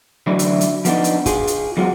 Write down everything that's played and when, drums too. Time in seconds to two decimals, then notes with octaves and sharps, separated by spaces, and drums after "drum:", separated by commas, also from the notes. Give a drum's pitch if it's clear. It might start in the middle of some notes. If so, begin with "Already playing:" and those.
0.27 D3 E3 F#3 A3 D4 E4
0.39 drum: hi-hat
0.61 drum: hi-hat
0.85 F3 B3 D4 D#4, drum: hi-hat
1.04 drum: hi-hat
1.26 F4 G#4, drum: kick, hi-hat
1.47 drum: hi-hat
1.77 E2 F#3 G#3 F4 F#4